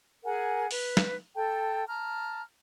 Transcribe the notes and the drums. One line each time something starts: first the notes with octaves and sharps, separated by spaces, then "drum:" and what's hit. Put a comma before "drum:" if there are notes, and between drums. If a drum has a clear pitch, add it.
G#4 A#4 F#5 G#5
B4, drum: open hi-hat
drum: snare
A4 G5 A5
A5 A#5 F6